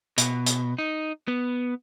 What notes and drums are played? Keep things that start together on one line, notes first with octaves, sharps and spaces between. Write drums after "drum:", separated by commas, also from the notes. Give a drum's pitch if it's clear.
B2, drum: hi-hat
drum: hi-hat
D#4
B3